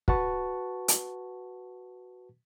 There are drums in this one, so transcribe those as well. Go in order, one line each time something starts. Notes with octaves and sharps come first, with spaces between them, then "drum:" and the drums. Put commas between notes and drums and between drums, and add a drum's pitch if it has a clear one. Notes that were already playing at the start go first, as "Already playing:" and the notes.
F#4 B4 F#5 A5 C#6, drum: kick
drum: hi-hat